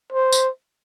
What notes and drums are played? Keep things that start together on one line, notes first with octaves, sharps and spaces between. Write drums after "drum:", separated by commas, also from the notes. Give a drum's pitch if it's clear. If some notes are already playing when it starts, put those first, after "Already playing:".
C5
drum: tambourine